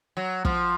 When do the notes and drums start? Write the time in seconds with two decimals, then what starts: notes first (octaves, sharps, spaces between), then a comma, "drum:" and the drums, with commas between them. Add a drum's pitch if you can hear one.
0.17 F#3
0.45 F3, drum: kick